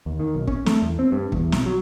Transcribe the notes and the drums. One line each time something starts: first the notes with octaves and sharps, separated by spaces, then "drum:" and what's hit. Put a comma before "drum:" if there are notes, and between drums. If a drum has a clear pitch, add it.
D#2
D#3
B1
C#4, drum: kick
A3, drum: snare
E2
C4
G2
E2, drum: kick
B1, drum: snare
F#3